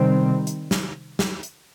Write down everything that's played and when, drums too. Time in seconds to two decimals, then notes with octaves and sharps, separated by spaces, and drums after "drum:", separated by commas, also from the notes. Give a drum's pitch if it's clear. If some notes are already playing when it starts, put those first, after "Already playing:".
Already playing: C3 D#3 G3 C4
0.47 drum: hi-hat
0.71 drum: snare
1.19 drum: snare
1.43 drum: hi-hat